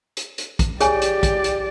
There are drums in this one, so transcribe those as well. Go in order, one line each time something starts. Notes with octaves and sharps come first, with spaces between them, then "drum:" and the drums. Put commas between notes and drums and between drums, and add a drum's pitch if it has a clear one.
drum: hi-hat
drum: hi-hat
drum: kick, hi-hat
G4 G#4 C#5 D5 G#5, drum: hi-hat
drum: hi-hat
drum: kick, hi-hat
drum: hi-hat